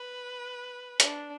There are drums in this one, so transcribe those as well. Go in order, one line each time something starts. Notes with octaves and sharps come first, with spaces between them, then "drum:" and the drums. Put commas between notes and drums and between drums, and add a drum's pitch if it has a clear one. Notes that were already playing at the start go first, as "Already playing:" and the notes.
Already playing: B4
D4, drum: hi-hat